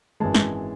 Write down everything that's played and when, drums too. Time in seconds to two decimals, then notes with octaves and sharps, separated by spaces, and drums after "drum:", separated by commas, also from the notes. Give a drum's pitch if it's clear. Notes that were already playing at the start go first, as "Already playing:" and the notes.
0.20 G#1 F#2 E3 G#3 A5
0.35 drum: snare